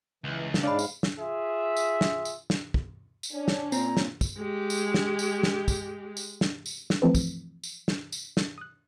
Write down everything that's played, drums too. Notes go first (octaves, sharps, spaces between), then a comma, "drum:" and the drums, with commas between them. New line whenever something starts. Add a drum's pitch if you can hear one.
C#2 E3
drum: snare
G#2 G#3 D4 C#5 F5 B5
drum: tambourine
drum: snare
F4 G#4 E5
drum: tambourine
drum: snare
drum: tambourine
drum: snare
drum: kick
drum: tambourine
C#4 D4
drum: snare
A#2 C4 A#5, drum: tambourine
drum: snare
drum: kick, tambourine
G#3 G4
drum: tambourine
drum: snare
drum: tambourine
drum: snare
drum: kick, tambourine
drum: tambourine
drum: snare
drum: tambourine
drum: snare
E3 F3 A3 C4 A4 B4
drum: kick, tambourine
drum: tambourine
drum: snare
drum: tambourine
drum: snare
D#6 F#6